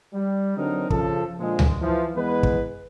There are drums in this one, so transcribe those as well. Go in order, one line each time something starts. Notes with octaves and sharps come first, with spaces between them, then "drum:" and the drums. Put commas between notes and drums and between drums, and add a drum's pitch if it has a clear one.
G3
D3 F#3 C4 D4 D#4 A#4
C#3 F3 A4, drum: kick
A#2 D3 F3 G#3
drum: tom C#2
E3 F3
E2 G#3 B3 B4
drum: kick